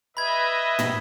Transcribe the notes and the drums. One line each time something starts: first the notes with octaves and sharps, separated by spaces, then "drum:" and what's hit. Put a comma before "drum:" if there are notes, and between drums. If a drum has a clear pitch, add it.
B4 D#5 E5 B5 G#6
drum: tom